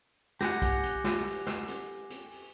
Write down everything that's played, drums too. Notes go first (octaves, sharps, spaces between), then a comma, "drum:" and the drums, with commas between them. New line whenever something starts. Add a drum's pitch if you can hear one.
G4 F#5 G#5 A#6, drum: snare
drum: kick B1, hi-hat
drum: hi-hat
drum: snare
drum: open hi-hat
drum: snare
drum: hi-hat
drum: hi-hat
drum: open hi-hat